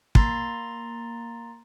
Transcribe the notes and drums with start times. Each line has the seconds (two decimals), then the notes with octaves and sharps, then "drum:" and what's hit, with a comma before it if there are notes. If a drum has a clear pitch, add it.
0.15 A#3 A#5 C6 A6, drum: kick